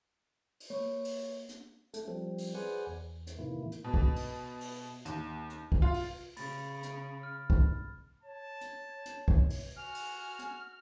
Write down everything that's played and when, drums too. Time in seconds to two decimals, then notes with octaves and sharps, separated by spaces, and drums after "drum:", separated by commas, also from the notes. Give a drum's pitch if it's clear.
0.60 drum: open hi-hat
0.70 A#3 C#5
1.05 drum: open hi-hat
1.49 drum: hi-hat
1.94 A3 A4, drum: hi-hat
2.08 F3 G3 C4
2.38 drum: open hi-hat
2.55 G#4 B4 C5 D5 F#5 G#5
2.87 E2
3.27 drum: hi-hat
3.39 A2 C3 D#3 E3 A#3 E4
3.72 drum: hi-hat
3.84 B2
3.94 drum: kick
4.16 drum: open hi-hat
4.61 drum: open hi-hat
5.05 D#2, drum: hi-hat
5.50 drum: hi-hat
5.72 drum: kick
5.82 F4
5.94 drum: open hi-hat
6.37 C#3 B5 A6, drum: open hi-hat
6.83 drum: hi-hat
7.23 F6
7.50 drum: kick
8.23 C#5 A5
8.61 drum: hi-hat
9.06 drum: hi-hat
9.28 drum: kick
9.50 drum: open hi-hat
9.76 F#4 G#5 F6
9.95 drum: open hi-hat
10.39 drum: hi-hat